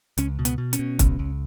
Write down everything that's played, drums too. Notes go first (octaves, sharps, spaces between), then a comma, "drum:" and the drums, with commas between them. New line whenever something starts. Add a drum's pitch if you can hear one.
C#2 C#4, drum: hi-hat
B2
B3, drum: hi-hat
B2
C#4, drum: hi-hat
B2
C#2, drum: kick, hi-hat
C#2